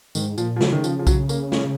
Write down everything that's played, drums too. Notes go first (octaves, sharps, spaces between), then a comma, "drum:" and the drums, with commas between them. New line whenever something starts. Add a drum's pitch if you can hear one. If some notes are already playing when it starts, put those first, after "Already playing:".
G#2 D#3, drum: tambourine
A#2 F3, drum: tambourine
F3
C#3 F#3, drum: snare
D#3
F3, drum: tambourine
F3
F#3, drum: kick B1, tambourine
A#3, drum: tambourine
C#4, drum: snare